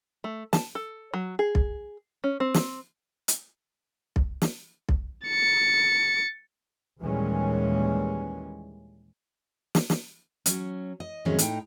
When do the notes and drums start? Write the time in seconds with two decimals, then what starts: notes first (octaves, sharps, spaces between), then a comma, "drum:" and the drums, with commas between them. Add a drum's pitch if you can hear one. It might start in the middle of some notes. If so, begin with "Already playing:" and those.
0.24 A3
0.53 A5, drum: snare
0.75 A4
1.14 F#3
1.39 G#4
1.55 drum: kick B1
2.24 C#4
2.40 C4
2.54 drum: snare
3.28 drum: hi-hat
4.16 drum: kick B1
4.42 drum: snare
4.89 drum: kick B1
5.27 A6 C#7
7.01 D#2 A#2 E3 G3 G#3 C#4
9.75 drum: snare
9.90 drum: snare
10.46 F#3 C#4, drum: hi-hat
11.00 D#5
11.25 F2 A2 D#3 F#3 G#3 C#4
11.39 A2 D#4 G5, drum: hi-hat